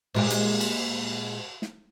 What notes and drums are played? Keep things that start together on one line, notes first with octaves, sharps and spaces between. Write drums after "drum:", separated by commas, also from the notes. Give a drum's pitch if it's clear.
A#2 G#3 G4, drum: cymbal
drum: hi-hat
drum: cymbal
drum: snare